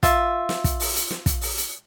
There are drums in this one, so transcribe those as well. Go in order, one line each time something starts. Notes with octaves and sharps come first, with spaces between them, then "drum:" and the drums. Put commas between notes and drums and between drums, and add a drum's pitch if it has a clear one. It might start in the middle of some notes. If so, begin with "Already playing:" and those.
F4 E5, drum: kick, hi-hat
drum: snare
drum: kick, hi-hat
drum: open hi-hat
drum: hi-hat
drum: snare
drum: kick, hi-hat
drum: open hi-hat
drum: hi-hat